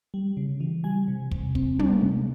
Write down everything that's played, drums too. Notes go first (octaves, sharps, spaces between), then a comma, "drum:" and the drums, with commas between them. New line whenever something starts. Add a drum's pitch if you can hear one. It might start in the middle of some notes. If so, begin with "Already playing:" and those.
G3
C#3
E3
G3 G#5
C3
C3, drum: kick
C4, drum: kick
G3, drum: tom
C3